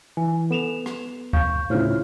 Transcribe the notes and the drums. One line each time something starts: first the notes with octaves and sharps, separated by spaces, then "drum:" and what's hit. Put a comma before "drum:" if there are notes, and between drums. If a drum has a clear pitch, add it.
E3 G#5
B3 A4 E7 F7
drum: rim click
F5 C#6 G6, drum: kick D2
A2 C#3 E4 F4 C5 C#5 F6